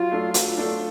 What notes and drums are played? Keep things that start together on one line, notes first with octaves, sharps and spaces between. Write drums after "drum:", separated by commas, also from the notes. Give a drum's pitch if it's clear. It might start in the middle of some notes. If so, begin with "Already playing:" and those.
Already playing: F#3 F4
A3 D4
F#3 F4, drum: hi-hat
A3 D4